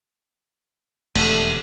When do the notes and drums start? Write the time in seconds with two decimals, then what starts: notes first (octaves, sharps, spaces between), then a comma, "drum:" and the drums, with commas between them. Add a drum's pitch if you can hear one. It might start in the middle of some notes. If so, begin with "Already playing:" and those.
1.15 E1 F2 D3 A3 G4 D#7, drum: cymbal